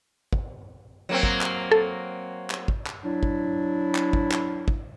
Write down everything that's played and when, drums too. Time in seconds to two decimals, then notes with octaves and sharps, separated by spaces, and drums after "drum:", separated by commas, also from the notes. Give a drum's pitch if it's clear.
0.33 drum: kick
1.09 F#3 A#3 C4
1.23 drum: kick
1.41 drum: clap
1.71 A4
2.50 drum: clap
2.68 drum: kick
2.86 drum: clap
3.05 F#3 D4 E4
3.23 drum: kick
3.95 drum: clap
4.13 drum: kick
4.31 drum: clap
4.68 drum: kick